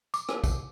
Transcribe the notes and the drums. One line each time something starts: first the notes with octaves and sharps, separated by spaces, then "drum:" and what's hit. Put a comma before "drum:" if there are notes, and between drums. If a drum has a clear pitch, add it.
D6, drum: tambourine
drum: rim click
drum: kick, tambourine